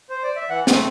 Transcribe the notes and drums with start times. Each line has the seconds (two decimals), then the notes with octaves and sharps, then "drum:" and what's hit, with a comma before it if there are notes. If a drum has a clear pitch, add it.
0.10 C5
0.23 D5
0.36 E5
0.49 E3 F#5
0.67 A3 C4, drum: snare